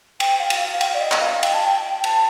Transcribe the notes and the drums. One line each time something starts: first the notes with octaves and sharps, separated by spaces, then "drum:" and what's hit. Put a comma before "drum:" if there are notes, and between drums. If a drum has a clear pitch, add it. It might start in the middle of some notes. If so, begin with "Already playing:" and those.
G5, drum: cymbal
F5
drum: cymbal
F5
G5, drum: cymbal
D5
D#5
drum: clap
F5
G5, drum: cymbal
A5
G5
A5, drum: cymbal